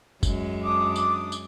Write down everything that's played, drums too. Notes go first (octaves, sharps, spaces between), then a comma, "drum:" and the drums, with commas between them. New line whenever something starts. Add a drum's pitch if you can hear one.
F#2 G#3, drum: kick, tambourine
D4 D6 D#6
drum: tambourine
drum: tambourine